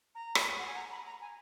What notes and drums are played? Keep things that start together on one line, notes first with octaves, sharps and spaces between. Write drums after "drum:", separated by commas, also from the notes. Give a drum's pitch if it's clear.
A#5
drum: rim click
F#5
G#5
A#5
B5
A#5
G#5